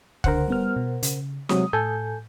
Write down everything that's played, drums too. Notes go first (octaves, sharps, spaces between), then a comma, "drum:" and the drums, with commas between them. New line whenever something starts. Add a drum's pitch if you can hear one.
C#2 D3 A#4 C5 F#5, drum: kick
G3 B3 F6
B2
C#3, drum: hi-hat
C3 F#3 G#3 D#6, drum: snare
A2 A4 G#5 G6